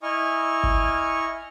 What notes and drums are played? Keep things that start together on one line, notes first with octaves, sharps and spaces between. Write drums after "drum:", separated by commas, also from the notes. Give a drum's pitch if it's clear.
E4 D#5 G#5 C#6 F6
drum: kick G1